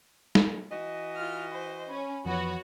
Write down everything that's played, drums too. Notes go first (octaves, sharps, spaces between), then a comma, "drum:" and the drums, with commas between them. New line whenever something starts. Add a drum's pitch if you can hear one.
drum: snare
E3 F#4 D#5
F4 F6
C5
C#4 B5
F2 E3 F3 B3 F#4 B4 C#5